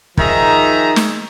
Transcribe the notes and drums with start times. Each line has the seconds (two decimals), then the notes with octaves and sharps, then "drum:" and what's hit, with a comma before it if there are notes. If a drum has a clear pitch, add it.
0.17 D#3 F3 D#4 G#4 E5 A#5, drum: kick
0.96 drum: snare